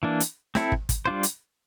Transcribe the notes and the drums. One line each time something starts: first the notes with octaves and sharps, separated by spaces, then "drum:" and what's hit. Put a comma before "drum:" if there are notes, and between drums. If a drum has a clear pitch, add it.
E3 A#3 D4
drum: hi-hat
C4 E4 A4, drum: snare
drum: kick
drum: kick, hi-hat
G3 D4 F4 C5
drum: hi-hat